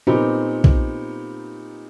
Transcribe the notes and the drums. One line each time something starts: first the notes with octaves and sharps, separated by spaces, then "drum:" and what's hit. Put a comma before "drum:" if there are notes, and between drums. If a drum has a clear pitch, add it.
A#2 B3 C4 D#4 G4
drum: kick A#1